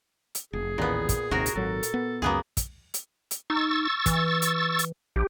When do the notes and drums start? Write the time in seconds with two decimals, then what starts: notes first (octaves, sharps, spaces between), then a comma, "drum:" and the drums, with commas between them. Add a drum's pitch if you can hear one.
0.35 drum: hi-hat
0.53 F1 G#4
0.78 A1 D#2 A#2 B3
1.09 drum: kick, hi-hat
1.31 G#1 D#2 C3 F#4 A#4
1.46 drum: hi-hat
1.56 G#1 F#3 A4
1.83 drum: hi-hat
1.94 B3
2.22 C#2 F#2 A#3 B3 G#4
2.57 drum: kick, hi-hat
2.94 drum: hi-hat
3.31 drum: hi-hat
3.50 D#4 C#6 E6 A6
4.06 E3, drum: kick, hi-hat
4.42 drum: hi-hat
4.79 drum: hi-hat
5.16 A#1 G4